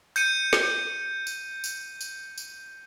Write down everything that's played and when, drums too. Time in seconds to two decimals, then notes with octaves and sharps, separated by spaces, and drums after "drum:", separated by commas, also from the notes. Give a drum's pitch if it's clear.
0.16 G6 C#7 D#7, drum: tambourine
0.53 drum: snare
1.27 drum: tambourine
1.64 drum: tambourine
2.01 drum: tambourine
2.38 drum: tambourine